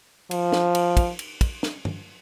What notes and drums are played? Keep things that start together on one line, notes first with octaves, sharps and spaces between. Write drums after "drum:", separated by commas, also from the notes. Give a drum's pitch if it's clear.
F3, drum: cymbal
drum: snare
drum: cymbal
drum: kick, cymbal
drum: cymbal
drum: kick, cymbal
drum: snare
drum: tom